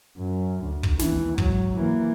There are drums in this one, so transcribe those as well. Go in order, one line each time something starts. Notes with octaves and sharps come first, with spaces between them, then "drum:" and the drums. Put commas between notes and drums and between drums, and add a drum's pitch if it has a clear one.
F#2
D2
drum: kick
D#2 E3, drum: snare
G#2 F#3, drum: kick
E3 A#3